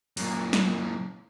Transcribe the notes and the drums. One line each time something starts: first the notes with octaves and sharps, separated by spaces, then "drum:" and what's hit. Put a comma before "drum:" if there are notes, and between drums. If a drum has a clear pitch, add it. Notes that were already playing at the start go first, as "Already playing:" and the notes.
F#2 A#2, drum: open hi-hat
drum: snare